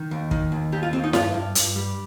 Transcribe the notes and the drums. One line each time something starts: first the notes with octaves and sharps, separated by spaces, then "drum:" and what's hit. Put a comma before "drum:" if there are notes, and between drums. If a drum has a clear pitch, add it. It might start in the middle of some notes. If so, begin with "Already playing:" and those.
Already playing: D#3
D#2
D#3, drum: kick
D#2
D#2 G4
F4
D#2 C4
D#4
G2 F4, drum: snare E4
G2
G2, drum: hi-hat
G3